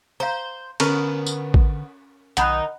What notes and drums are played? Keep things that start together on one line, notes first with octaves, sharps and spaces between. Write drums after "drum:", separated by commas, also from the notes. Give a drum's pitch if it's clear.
C5 F5 A#5
D3 B3 C#4 A#4 B4 C#6, drum: cymbal
drum: tambourine
drum: kick A1
B1 D#3 D#4 F#5 B5 F#6, drum: hi-hat